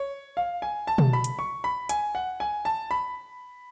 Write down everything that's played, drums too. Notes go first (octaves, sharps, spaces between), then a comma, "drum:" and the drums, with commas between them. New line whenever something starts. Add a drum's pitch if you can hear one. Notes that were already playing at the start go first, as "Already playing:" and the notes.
Already playing: C#5
F5
G#5
A5
drum: tom B2
B5
drum: hi-hat
C#6
B5
G#5, drum: hi-hat
F#5
G#5
A5
B5